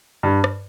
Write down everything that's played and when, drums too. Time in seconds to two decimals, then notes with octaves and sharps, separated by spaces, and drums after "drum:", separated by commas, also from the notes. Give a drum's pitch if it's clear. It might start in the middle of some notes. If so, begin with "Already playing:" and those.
0.23 G2
0.44 drum: rim click